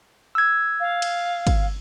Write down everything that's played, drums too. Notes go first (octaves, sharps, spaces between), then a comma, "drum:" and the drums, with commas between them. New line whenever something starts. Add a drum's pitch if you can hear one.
E6 G#6
F5
drum: cymbal
drum: kick, cymbal